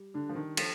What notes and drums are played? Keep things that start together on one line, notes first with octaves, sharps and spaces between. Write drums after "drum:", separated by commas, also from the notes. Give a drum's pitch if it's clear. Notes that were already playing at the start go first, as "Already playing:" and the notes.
Already playing: G3
D3 D4
F3
D#3
F3 A4, drum: cymbal